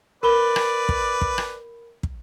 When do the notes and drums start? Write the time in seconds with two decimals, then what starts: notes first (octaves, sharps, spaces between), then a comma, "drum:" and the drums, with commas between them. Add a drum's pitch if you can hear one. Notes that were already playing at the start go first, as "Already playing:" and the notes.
0.23 A#4 B4 D5 B5 G7
0.56 drum: rim click
0.89 drum: kick
1.21 drum: kick
1.38 drum: rim click
2.03 drum: kick